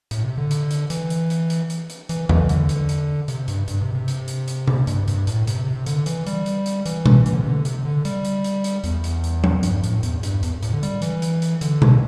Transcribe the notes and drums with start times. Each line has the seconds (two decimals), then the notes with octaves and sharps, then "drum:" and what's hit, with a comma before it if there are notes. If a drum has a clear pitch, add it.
0.11 A2, drum: hi-hat
0.24 C3
0.38 D3
0.51 drum: hi-hat
0.71 drum: hi-hat
0.90 E3, drum: hi-hat
1.10 drum: hi-hat
1.30 drum: hi-hat
1.50 drum: hi-hat
1.70 drum: hi-hat
1.90 drum: hi-hat
2.09 E3, drum: hi-hat
2.29 E3, drum: tom E2
2.49 D3, drum: hi-hat
2.69 drum: hi-hat
2.89 drum: hi-hat
3.28 C3, drum: hi-hat
3.48 G2, drum: hi-hat
3.68 G2, drum: hi-hat
3.81 C3
3.95 C3
4.08 drum: hi-hat
4.28 drum: hi-hat
4.48 drum: hi-hat
4.67 drum: tom C3
4.87 G2, drum: hi-hat
5.08 G2, drum: hi-hat
5.27 A2, drum: hi-hat
5.47 C3, drum: hi-hat
5.67 C3
5.86 D3, drum: hi-hat
6.06 E3, drum: hi-hat
6.27 G3, drum: hi-hat
6.46 drum: hi-hat
6.66 drum: hi-hat
6.86 E3, drum: hi-hat
7.06 drum: tom B2
7.26 E3, drum: hi-hat
7.33 D3
7.41 C3
7.49 D3
7.65 C3, drum: hi-hat
7.85 D3
8.05 G3, drum: hi-hat
8.25 drum: hi-hat
8.44 drum: hi-hat
8.64 drum: hi-hat
8.84 E2, drum: hi-hat
9.04 drum: hi-hat
9.24 drum: hi-hat
9.44 drum: tom F3
9.63 G2, drum: hi-hat
9.84 A2, drum: hi-hat
10.03 E2, drum: hi-hat
10.23 G2, drum: hi-hat
10.43 E2, drum: hi-hat
10.63 A2, drum: hi-hat
10.73 D3
10.83 G3, drum: hi-hat
11.02 E3, drum: hi-hat
11.22 drum: hi-hat
11.42 drum: hi-hat
11.61 D3, drum: hi-hat
11.82 drum: tom B2